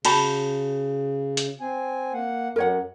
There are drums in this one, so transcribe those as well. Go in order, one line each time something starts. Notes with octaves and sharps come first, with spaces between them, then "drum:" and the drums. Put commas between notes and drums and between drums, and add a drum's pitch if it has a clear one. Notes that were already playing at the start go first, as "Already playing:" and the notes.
C#3 F#4 A5 B5, drum: cymbal
drum: hi-hat
C4 G#5
A#3 F#5
F#2 A#4 C#5 F#5